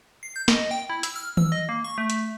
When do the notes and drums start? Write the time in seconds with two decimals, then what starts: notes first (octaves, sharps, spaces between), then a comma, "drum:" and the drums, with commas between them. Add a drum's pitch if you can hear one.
0.23 C7
0.36 G6
0.48 D#5, drum: snare
0.71 G5
0.89 E4
1.03 E6, drum: hi-hat
1.16 F6
1.37 E6, drum: tom D#3
1.52 D#5
1.69 A#3
1.84 C#6
1.98 A3
2.10 drum: hi-hat